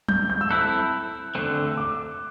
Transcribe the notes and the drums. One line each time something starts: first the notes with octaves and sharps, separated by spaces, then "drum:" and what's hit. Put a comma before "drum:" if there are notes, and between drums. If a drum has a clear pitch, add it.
G6, drum: tom F#3
G6
E6
C4 E4 A4 F#6
D3 A3 C4 F#6
E6
D6